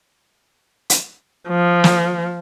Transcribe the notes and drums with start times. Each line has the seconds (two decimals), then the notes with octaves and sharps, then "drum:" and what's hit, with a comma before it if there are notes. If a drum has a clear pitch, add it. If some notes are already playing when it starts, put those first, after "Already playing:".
0.90 drum: hi-hat
1.48 F3
1.84 drum: snare